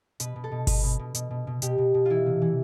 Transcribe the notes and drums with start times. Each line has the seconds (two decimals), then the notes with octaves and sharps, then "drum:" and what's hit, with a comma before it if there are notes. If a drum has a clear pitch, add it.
0.20 B2 B4, drum: hi-hat
0.36 B2
0.44 A4
0.52 B2
0.67 B2 B4, drum: kick G1, open hi-hat
0.83 B2
0.99 B2
1.15 B2, drum: hi-hat
1.31 B2
1.47 B2
1.62 B2 G4, drum: hi-hat
1.78 B2
1.94 B2
2.06 E3 E4 F4
2.26 C3
2.42 E3